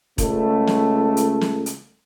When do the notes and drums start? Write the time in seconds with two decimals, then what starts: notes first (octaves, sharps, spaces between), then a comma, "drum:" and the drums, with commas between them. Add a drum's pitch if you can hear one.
0.18 C#2 A3, drum: kick E1, hi-hat
0.67 drum: snare
1.17 drum: hi-hat
1.41 drum: snare
1.66 drum: hi-hat